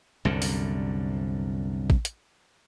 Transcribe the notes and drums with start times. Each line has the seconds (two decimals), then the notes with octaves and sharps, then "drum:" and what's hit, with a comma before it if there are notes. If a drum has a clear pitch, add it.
0.25 C2 F#2 D3
0.42 drum: open hi-hat
1.90 drum: kick
2.05 drum: hi-hat